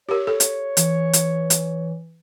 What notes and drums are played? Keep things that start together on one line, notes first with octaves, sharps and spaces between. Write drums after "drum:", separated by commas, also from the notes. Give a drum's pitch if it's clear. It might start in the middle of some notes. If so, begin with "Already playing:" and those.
G4 A#4 C#5
A4
drum: hi-hat
E3, drum: hi-hat
drum: hi-hat
drum: hi-hat